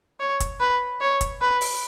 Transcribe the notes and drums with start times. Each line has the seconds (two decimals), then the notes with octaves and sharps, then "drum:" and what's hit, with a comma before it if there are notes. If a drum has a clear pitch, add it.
0.20 C#5
0.40 drum: kick, hi-hat
0.60 B4
1.01 C#5
1.21 drum: kick, hi-hat
1.41 B4
1.61 drum: open hi-hat